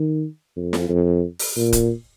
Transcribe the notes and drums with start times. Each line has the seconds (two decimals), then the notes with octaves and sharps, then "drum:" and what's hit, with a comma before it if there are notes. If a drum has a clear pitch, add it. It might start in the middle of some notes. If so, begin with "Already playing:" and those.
Already playing: D#3
0.57 F2
0.73 drum: snare
0.89 F2
1.39 drum: open hi-hat
1.57 A#2
1.73 drum: kick, hi-hat